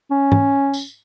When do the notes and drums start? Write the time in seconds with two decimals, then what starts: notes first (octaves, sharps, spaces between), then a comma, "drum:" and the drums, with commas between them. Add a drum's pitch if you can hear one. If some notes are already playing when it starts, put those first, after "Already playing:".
0.11 C#4
0.32 drum: tom G#2
0.74 drum: tambourine